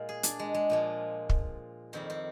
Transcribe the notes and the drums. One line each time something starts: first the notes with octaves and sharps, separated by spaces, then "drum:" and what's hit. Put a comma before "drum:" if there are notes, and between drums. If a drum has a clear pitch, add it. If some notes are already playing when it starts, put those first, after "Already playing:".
Already playing: A#2 G#3 F4
G#4
D4, drum: hi-hat
G#3
G#3
A#2 F3 G#3
drum: kick
F2 D#3 G3 C4
C4